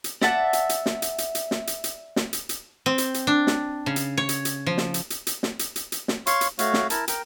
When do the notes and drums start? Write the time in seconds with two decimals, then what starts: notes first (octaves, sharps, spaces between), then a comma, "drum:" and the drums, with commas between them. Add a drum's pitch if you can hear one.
0.04 drum: hi-hat
0.21 D5 E5 F#5 A5, drum: snare
0.53 drum: hi-hat
0.69 drum: hi-hat
0.86 drum: snare
1.02 drum: hi-hat
1.18 drum: hi-hat
1.35 drum: hi-hat
1.51 drum: snare
1.67 drum: hi-hat
1.84 drum: hi-hat
2.16 drum: snare
2.33 drum: hi-hat
2.49 drum: hi-hat
2.86 C4
2.98 drum: hi-hat
3.14 drum: hi-hat
3.27 D4
3.47 drum: snare
3.86 C#3
3.96 drum: hi-hat
4.17 C#5
4.29 drum: hi-hat
4.45 drum: hi-hat
4.66 F3
4.78 drum: snare
4.94 drum: hi-hat
5.10 drum: hi-hat
5.27 drum: hi-hat
5.43 drum: snare
5.59 drum: hi-hat
5.76 drum: hi-hat
5.92 drum: hi-hat
6.08 drum: snare
6.27 C#5 F5 C6 C#6, drum: hi-hat
6.41 drum: hi-hat
6.59 A3 F#4 C#5 F5, drum: hi-hat
6.74 drum: snare
6.90 E4 A#4 A5, drum: hi-hat
7.08 A#4 G5, drum: hi-hat